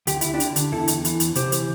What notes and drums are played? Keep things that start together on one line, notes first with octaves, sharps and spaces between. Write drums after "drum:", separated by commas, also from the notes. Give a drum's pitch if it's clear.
D2 G4, drum: hi-hat
D2 E4, drum: hi-hat
D4 G4
D3, drum: hi-hat
D3, drum: hi-hat
E2 E4 A4
E2, drum: hi-hat
E3, drum: hi-hat
E2, drum: hi-hat
C3 G4 C5, drum: hi-hat
E3, drum: hi-hat